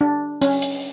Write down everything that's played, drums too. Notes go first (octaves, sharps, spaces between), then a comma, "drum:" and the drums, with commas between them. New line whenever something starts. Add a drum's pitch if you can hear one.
D4
C#4, drum: hi-hat
drum: hi-hat